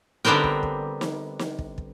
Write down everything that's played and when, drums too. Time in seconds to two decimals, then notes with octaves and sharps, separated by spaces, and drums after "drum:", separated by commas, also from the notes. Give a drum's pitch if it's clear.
0.25 D3 G3 B3 C4 A#4 G5, drum: snare
0.44 drum: kick
0.63 drum: kick
1.01 drum: snare
1.39 drum: snare
1.59 drum: kick
1.78 drum: kick